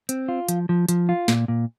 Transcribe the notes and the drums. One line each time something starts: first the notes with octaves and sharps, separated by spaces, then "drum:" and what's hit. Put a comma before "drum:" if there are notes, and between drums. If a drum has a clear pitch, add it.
C4, drum: hi-hat
F4
F3, drum: hi-hat
F3
F3, drum: hi-hat
F4
A#2, drum: snare
A#2